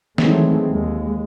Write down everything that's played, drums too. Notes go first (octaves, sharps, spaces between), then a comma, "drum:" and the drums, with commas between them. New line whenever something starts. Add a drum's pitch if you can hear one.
D#3 E3 F#3 G#3 A3 C4, drum: snare
D#2 G#3